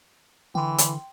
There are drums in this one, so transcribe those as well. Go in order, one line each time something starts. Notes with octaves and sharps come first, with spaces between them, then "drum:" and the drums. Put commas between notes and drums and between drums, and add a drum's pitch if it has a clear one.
D3 E3 G5 C6
drum: hi-hat